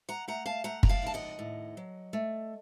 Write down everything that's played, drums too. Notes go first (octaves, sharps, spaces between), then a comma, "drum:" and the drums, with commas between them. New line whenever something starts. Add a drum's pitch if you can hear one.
F#5 A#5
A3 F#5 A#5
F5 A5
A3 F#5 A#5
A#5, drum: kick
F5 A5
D#2 A5
D#5 F#5
A2
F#3
A3